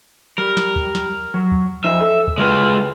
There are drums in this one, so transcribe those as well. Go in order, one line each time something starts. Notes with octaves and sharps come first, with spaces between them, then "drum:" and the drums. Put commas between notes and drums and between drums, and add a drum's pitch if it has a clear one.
G3 A#4
drum: snare
drum: kick
drum: snare
F#3
drum: kick
F3 D#4 C5 E5
A4
drum: kick
C#3 G#3 F4 F#4 B4